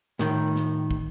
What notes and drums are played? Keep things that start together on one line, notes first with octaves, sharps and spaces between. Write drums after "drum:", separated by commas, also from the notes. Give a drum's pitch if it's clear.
A2 D#3, drum: snare
drum: snare
drum: kick